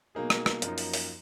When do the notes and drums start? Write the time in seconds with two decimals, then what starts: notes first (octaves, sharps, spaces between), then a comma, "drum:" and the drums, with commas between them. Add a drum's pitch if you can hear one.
0.15 B2 F#3 A#3 D#4 G#4
0.30 drum: rim click
0.46 drum: rim click
0.62 F#2 F3 A#3 D#4, drum: hi-hat
0.78 drum: open hi-hat
0.94 drum: open hi-hat